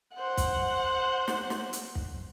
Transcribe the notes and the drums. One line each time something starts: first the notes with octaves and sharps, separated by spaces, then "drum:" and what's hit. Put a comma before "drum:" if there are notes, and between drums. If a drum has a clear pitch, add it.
C5 F#5
drum: kick, hi-hat
drum: snare
drum: snare
drum: hi-hat
drum: kick